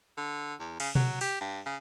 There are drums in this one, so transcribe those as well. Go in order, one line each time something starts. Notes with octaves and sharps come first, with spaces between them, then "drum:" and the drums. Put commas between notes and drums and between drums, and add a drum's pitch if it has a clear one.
D3
E2
C#3, drum: cymbal
F#3, drum: tom B2
G4, drum: open hi-hat
G2
C#3